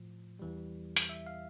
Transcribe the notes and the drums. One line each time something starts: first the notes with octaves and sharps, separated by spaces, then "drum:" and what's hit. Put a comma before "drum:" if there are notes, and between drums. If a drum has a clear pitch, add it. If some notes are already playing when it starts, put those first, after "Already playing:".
Already playing: A2 F3
E2 E3 G3
drum: hi-hat
E5
F5